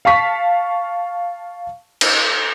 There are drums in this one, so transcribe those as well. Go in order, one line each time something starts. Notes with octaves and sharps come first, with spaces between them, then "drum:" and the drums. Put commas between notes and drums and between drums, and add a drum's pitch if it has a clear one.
F5 A5 C#6 B6
drum: cymbal